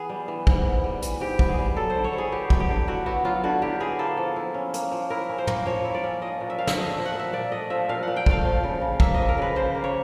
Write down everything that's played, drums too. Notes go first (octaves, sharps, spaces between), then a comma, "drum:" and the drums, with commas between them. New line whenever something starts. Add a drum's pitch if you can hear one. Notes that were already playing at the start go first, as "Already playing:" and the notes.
Already playing: E3 B3 G#4
G3
E3
G#2, drum: kick
B3
G3
E3, drum: hi-hat
G#2 G4
B3, drum: kick
G#4
G3
F#3 A4
C5
D3
C#5
E4
G#4
B3 G4
F#3, drum: kick
G4
D3
E4 F#4
B3 F#4
F#3 F4
D3 F#4
E4 G4
B3 G#4
A#3 A4
F3
E4
C#4
A#3, drum: hi-hat
F3
E4 A#4
C#4
C5
A#3, drum: tom
F3 C#5
E4
D5
C#4
F3 D#5
A#2
E5
A#2 F5
E5, drum: snare
A3 D#5
E5
F3
F#5
A#2 E5
A#2 D5
A3 D#5
F3 E5
A#2 F5
A#2 F#5
G5
A3 F5, drum: kick
F3
C#3
C#3
A#3 E5, drum: kick
F3 D#5
A#4
C#3 B4
C#3 C5
A#3
C#5